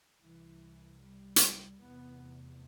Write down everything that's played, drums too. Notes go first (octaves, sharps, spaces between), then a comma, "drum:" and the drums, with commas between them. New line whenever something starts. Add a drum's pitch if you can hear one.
C2 C3 E3
G3
drum: hi-hat
F1 E2 C3 B3